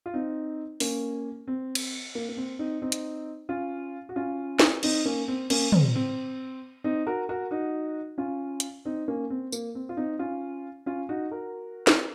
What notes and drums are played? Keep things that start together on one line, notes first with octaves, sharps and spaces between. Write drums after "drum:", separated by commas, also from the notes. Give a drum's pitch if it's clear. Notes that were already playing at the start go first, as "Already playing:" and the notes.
F4
C4 D#4
A#3 C#4, drum: open hi-hat
C4
drum: cymbal
A#3
A#3
C4
C4 D#4
C4 D#4
drum: hi-hat
C#4 F4
F#4
C#4 F4
drum: snare
C4 D#4, drum: cymbal
A#3 C#4
C4
A#3 C#4, drum: cymbal
C4, drum: tom
C4
C4 D#4
F#4 A#4
F#4 A#4
D#4 F#4
C#4 F4
drum: hi-hat
C4 D#4
A#3 C#4
C4
A#3, drum: tambourine
C4
F4
C4 D#4
C#4 F4
C#4 F4
D#4 F#4
F#4 A#4
drum: snare